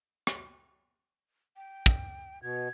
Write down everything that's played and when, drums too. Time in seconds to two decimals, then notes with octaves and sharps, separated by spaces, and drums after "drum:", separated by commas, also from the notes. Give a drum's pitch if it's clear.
0.27 drum: rim click
1.56 G5
1.86 drum: kick
2.42 B2 G#6